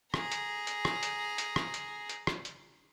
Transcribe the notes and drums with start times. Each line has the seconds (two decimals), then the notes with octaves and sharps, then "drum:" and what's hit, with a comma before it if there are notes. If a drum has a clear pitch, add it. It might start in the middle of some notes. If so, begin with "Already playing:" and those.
0.14 G#4 A#5, drum: rim click
0.32 drum: hi-hat
0.67 drum: hi-hat
0.85 drum: rim click
1.03 drum: hi-hat
1.38 drum: hi-hat
1.56 drum: rim click
1.74 drum: hi-hat
2.09 drum: hi-hat
2.27 drum: rim click
2.45 drum: hi-hat